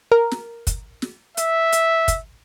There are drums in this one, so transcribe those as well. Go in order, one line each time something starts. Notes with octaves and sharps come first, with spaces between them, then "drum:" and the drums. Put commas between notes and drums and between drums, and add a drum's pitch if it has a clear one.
A#4
drum: snare
drum: kick, hi-hat
drum: snare
E5, drum: hi-hat
drum: hi-hat
drum: kick, hi-hat